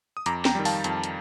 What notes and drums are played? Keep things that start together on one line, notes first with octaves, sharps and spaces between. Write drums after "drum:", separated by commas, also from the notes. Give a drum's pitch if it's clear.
D#6
F2 A#5 D6, drum: hi-hat
G5 A#5, drum: snare
D#3 G3
F5 A5, drum: open hi-hat
F2, drum: hi-hat
drum: hi-hat